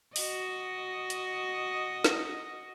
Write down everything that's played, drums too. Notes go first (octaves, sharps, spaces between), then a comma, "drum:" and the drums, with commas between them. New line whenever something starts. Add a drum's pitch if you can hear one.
F#4 D#5, drum: open hi-hat
drum: hi-hat
drum: snare